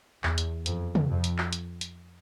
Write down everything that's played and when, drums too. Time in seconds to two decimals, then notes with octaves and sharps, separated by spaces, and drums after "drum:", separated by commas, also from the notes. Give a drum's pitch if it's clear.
0.24 E2, drum: clap
0.38 drum: hi-hat
0.66 F2, drum: hi-hat
0.95 drum: tom
1.10 F2
1.24 drum: hi-hat
1.38 drum: clap
1.53 drum: hi-hat
1.81 drum: hi-hat